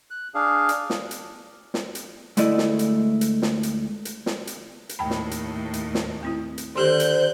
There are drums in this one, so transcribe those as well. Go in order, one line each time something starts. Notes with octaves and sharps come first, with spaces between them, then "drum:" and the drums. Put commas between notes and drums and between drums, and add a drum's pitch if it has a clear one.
F#6
D4 G#4 F5
drum: hi-hat
drum: snare
drum: hi-hat
drum: snare
drum: hi-hat
D2 G#3 A3 E4 D5 D#5, drum: hi-hat
drum: snare
drum: hi-hat
drum: hi-hat
drum: snare
drum: hi-hat
drum: hi-hat
drum: snare
drum: hi-hat
drum: hi-hat
D#2 A2 G5 A5 B5
drum: snare
drum: hi-hat
drum: hi-hat
drum: snare
A3 C4 E4
drum: hi-hat
D3 D#3 G4 C5 C6 F#6 G6
drum: hi-hat